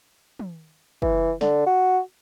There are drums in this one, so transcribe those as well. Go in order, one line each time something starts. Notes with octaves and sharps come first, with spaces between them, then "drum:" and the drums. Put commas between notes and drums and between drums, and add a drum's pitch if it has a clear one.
drum: tom
E3, drum: kick
D3, drum: snare
F#4